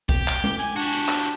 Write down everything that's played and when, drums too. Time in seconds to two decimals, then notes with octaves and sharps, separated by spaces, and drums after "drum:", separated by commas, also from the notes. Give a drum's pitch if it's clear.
0.09 G4, drum: kick
0.28 drum: clap
0.44 drum: tom G#3
0.59 G#5, drum: hi-hat
0.76 D4 F#4 G4
0.92 drum: hi-hat
1.09 drum: clap